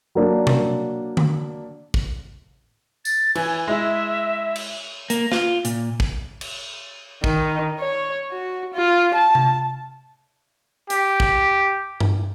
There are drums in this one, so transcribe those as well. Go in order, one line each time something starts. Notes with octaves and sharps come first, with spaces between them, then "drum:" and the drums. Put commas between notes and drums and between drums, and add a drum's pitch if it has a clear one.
F#3 A#3 D4
drum: tom B2
drum: tom D3
drum: kick
A6, drum: tambourine
E3 G#5, drum: cymbal
G#3 E4 E5
drum: cymbal
A#3, drum: hi-hat
F4, drum: snare
A#2, drum: hi-hat
drum: kick
drum: cymbal
D#3, drum: kick
C#5
F#4
F4
A5
drum: tom C3
G4, drum: hi-hat
drum: kick
drum: tom G2